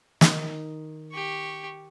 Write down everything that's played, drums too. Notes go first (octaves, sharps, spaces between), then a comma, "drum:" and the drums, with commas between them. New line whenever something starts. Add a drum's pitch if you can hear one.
D#3, drum: snare
G4 C#6